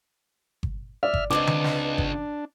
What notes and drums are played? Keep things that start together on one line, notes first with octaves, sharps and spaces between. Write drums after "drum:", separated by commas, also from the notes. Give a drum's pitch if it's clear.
drum: kick G1
D5 E5 F6
drum: kick G1
C#2 B3 C4 D4 D#4 D6
drum: tom D3
drum: snare
drum: kick G1